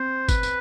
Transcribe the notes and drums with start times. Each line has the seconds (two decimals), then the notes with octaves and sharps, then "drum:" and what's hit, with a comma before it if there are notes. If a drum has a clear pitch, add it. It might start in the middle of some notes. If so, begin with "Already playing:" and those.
Already playing: C4 C5
0.29 B4, drum: kick, tambourine
0.43 drum: tambourine